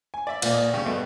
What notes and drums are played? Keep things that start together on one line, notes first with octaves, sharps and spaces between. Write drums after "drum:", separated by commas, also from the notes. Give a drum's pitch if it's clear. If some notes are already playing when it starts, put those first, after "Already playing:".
G#5
D5 E5
A#2 A#3, drum: cymbal
D#5
C#3 G3
G2 B2 A3